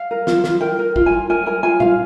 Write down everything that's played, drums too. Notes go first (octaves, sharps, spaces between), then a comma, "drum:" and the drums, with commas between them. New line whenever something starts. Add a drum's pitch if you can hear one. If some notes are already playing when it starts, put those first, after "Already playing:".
Already playing: F5
A#4
F4, drum: snare
F4, drum: snare
A#4 G5
A#4
F4, drum: kick
G#5
F4
A#4 G#5
A#4 G#5
F4 G#5
F4 F5, drum: tom